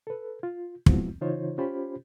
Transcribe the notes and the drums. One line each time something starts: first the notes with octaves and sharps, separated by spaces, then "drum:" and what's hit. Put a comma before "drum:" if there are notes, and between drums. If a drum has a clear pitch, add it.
A4 B4
F4
F3 G#3 B3 C4 E4 F#4, drum: kick
C#3 E3 D#4 F4 C5 C#5
C#4 F4 G4 C5 B5